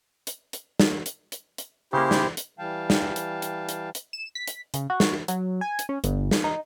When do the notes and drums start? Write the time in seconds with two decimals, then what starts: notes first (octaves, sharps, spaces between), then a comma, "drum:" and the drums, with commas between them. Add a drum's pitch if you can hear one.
0.27 drum: hi-hat
0.53 drum: hi-hat
0.80 drum: snare
1.06 drum: hi-hat
1.32 drum: hi-hat
1.58 drum: hi-hat
1.93 C#3 A#3 E4 G4 C5
2.11 drum: snare
2.37 drum: hi-hat
2.59 E3 G3 F5 G5 A5
2.90 drum: snare
3.16 drum: hi-hat
3.42 drum: hi-hat
3.69 drum: hi-hat
3.95 drum: hi-hat
4.13 E7
4.35 B6
4.47 drum: hi-hat
4.74 C#3, drum: hi-hat
4.90 F#4
5.00 drum: snare
5.28 F#3, drum: hi-hat
5.61 G#5
5.79 drum: hi-hat
5.89 C#4
6.04 G1, drum: hi-hat
6.31 drum: snare
6.44 D#4